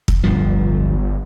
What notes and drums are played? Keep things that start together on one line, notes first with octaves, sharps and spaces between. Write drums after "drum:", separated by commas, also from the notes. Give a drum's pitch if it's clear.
drum: kick
D1 G1 G2 F3